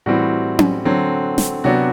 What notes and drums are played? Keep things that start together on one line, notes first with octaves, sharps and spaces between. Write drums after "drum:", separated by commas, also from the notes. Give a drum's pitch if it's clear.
A2 E3 G3 C4 F#4
drum: tom C#4
D3 F#3 C4
drum: snare
C3 F#3 B3 D4 F#4